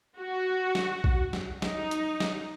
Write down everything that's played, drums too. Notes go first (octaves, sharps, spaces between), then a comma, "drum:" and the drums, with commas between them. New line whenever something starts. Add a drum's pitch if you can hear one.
F#4
drum: snare
drum: kick A#1
drum: snare
D#4, drum: snare
drum: hi-hat
drum: snare